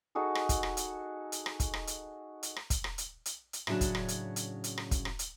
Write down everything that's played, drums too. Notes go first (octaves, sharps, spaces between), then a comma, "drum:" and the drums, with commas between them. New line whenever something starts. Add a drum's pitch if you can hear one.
D#4 F#4 G#4 A4
drum: rim click
drum: kick, hi-hat
drum: rim click
drum: hi-hat
drum: hi-hat
drum: rim click
drum: kick, hi-hat
drum: rim click
drum: hi-hat
drum: hi-hat
drum: rim click
drum: kick, hi-hat
drum: rim click
drum: hi-hat
drum: hi-hat
drum: hi-hat
A2 C#3 F#3 D4, drum: rim click
drum: kick, hi-hat
drum: rim click
drum: hi-hat
drum: hi-hat
drum: hi-hat
drum: rim click
drum: kick, hi-hat
drum: rim click
drum: hi-hat